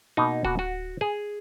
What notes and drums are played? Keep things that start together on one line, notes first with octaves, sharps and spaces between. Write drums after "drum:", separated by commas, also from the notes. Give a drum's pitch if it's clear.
B2 A#3 D#4
F#4, drum: kick D1
F#4
G#4